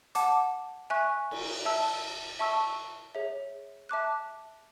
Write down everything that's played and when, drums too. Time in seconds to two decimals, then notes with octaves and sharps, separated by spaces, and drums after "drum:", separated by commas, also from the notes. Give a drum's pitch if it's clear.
0.15 F#5 A5 D6, drum: hi-hat
0.90 E5 G#5 C#6 F#6
1.31 drum: cymbal
1.65 E5 A5 E6
2.39 E5 A5 C#6 E6
3.15 G#4 C#5 E5
3.89 E5 A5 D6 F#6